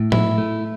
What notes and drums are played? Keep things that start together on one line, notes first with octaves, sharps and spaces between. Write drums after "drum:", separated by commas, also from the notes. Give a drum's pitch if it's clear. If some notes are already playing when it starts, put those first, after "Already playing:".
Already playing: A2
E4, drum: tom A2
A3